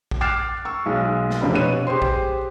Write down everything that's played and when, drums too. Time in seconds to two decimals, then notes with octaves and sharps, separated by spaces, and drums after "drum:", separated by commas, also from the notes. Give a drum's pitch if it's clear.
0.11 drum: kick A#1
0.21 D6 F6 F#6 A6 C7 E7
0.65 C#6 E6
0.86 B1 G#3
1.30 drum: snare
1.41 F1 F3 C4 D4 G4 B5
1.54 B2 C#5 F#6 D#7
1.87 G4 G#4 C5 C6
2.02 drum: kick A#1